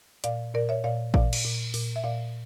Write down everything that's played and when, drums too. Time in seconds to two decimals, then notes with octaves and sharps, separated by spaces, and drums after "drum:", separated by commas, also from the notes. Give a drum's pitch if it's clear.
0.24 A#2 D5 F5, drum: hi-hat
0.54 A#2 A#4 D5
0.69 C#5 E5
0.84 A#2 D5 F5
1.14 A#2 D5 F5, drum: kick A1
1.33 drum: cymbal
1.45 A#2
1.74 A#2, drum: open hi-hat
1.96 E5
2.04 A#2 D5 F5